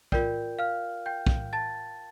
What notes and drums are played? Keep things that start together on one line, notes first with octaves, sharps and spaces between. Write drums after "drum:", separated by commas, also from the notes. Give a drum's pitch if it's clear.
F4 A#4 D5 G5 G6, drum: kick
F5 F6
G5 G6
drum: kick
A5 A6